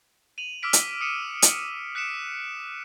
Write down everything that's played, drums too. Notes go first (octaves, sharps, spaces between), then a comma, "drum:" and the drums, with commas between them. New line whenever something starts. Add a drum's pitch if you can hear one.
D#7 F7 F#7
D6 E6 F6 B6 D7
drum: hi-hat
D#6 C#7 D#7 E7
drum: hi-hat
F#6 B6 C#7 D7 E7